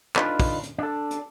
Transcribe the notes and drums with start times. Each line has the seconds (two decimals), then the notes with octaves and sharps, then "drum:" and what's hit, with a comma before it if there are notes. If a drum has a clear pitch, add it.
0.16 D4 D#4 F4 A4 B4, drum: clap
0.40 drum: kick, open hi-hat
0.63 drum: hi-hat
0.78 D4 A4
1.11 drum: hi-hat